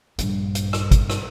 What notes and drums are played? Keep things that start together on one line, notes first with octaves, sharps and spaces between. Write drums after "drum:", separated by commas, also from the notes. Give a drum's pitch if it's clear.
A#1 G2, drum: hi-hat
drum: hi-hat
drum: rim click
drum: kick, hi-hat
drum: rim click